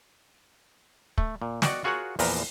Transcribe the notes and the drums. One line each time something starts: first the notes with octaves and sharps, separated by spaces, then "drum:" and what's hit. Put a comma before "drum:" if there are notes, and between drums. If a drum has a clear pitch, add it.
A3, drum: kick
A#2
F#4 D5 D#5 F#5 G5, drum: snare
F4 F#4 G#4 A#4 C#5 F#5
E2 A#2 F3 A#4 B4, drum: open hi-hat